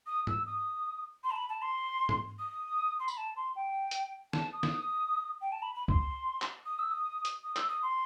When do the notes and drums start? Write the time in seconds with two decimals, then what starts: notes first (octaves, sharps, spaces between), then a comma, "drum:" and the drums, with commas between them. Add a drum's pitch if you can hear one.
0.07 D#6
0.27 E6, drum: tom G#2
0.46 D#6
1.24 C6
1.31 A5
1.36 B5
1.49 A5
1.62 C6
2.09 drum: tom G#2
2.39 D#6
2.99 C6
3.08 B5, drum: tambourine
3.17 A5
3.36 C6
3.56 G5
3.91 drum: hi-hat
4.33 A5, drum: snare
4.53 D#6
4.63 drum: snare
4.72 D#6
5.42 G5
5.52 A5
5.62 B5
5.75 B5
5.88 C6, drum: kick C2
6.42 drum: clap
6.66 D#6
6.79 E6
6.91 D#6
7.25 drum: hi-hat
7.44 D#6
7.56 E6, drum: clap
7.69 D#6
7.83 C6